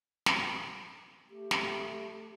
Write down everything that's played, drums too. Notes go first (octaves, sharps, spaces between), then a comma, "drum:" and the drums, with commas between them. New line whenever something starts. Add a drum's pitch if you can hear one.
drum: snare
A3 G4
drum: snare